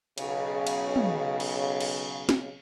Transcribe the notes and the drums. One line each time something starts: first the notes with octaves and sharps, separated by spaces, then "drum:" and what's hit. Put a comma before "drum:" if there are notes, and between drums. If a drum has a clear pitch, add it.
B1 C#3, drum: cymbal
drum: cymbal
drum: tom
drum: cymbal
drum: cymbal
drum: snare